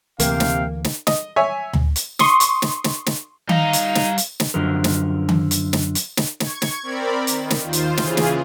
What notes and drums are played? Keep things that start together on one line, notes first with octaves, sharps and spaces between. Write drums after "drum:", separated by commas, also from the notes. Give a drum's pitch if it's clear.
D2 C3 E3 A#3 F5 G5, drum: hi-hat
drum: snare
drum: snare
D#5, drum: snare
C#5 E5 G#5
drum: tom D2
drum: hi-hat
C6 C#6 D#6, drum: snare
drum: hi-hat
drum: snare
drum: snare
drum: snare
G3 D#4 F5 A#5, drum: tom D#3
drum: hi-hat
drum: snare
drum: hi-hat
drum: snare
F#2 D3 F3 A#4
drum: snare
drum: tom D#3
drum: hi-hat
drum: snare
drum: hi-hat
drum: snare
C#6 G#6, drum: snare
drum: snare
C4 A#4 D5 B5
D#3, drum: hi-hat
drum: snare
D#2 F4 C5
drum: hi-hat
C#3 E3 F4 G#4, drum: snare
drum: snare